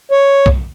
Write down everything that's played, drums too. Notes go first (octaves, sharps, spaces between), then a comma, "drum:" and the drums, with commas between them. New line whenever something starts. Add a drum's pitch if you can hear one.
C#5
drum: kick